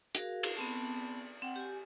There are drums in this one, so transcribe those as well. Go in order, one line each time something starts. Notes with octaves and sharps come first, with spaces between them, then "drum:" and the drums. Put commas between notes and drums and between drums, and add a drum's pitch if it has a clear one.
F#4 G#4 A#4 F5, drum: hi-hat
drum: cymbal
B3 C4 A5
C4 F#5 G5
G4 G#5